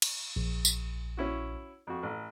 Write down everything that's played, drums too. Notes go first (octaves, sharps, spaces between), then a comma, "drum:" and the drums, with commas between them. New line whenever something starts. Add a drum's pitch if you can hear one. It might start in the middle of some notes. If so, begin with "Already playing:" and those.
drum: cymbal
A#1
drum: tambourine
C#4 E4 F#4
F2 F#4
A1